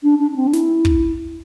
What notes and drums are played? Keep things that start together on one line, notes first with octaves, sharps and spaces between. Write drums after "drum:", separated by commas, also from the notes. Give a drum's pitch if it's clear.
D4
D4
D4
C4
D4
E4, drum: snare
drum: kick